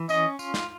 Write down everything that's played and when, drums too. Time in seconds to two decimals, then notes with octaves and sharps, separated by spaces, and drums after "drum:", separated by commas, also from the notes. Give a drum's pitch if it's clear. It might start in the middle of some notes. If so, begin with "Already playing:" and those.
Already playing: E3
0.09 C#4 D#5, drum: tambourine
0.39 F4, drum: tambourine
0.54 drum: snare